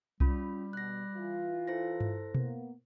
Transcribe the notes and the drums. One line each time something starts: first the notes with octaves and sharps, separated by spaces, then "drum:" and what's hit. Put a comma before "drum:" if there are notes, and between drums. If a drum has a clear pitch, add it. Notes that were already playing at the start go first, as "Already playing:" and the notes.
G3 C#4 F4 B5, drum: kick C2
B2 F#6 A#6
E3 F4
E4 A4 C5 A#6
drum: tom G2
A#3 B3, drum: tom B2